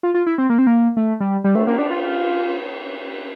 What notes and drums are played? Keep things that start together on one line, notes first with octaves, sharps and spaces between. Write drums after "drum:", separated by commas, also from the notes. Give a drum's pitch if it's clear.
F4
F4
E4
C4
A#3
C4
A#3
A3
G3
G3
A3, drum: cymbal
A#3
D4
F4